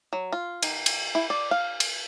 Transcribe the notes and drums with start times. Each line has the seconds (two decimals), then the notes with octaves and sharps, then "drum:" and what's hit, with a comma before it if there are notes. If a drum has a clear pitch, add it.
0.13 F#3
0.33 F4
0.63 D#3, drum: cymbal
0.86 drum: cymbal
1.15 E4
1.30 D5
1.51 F5
1.80 drum: cymbal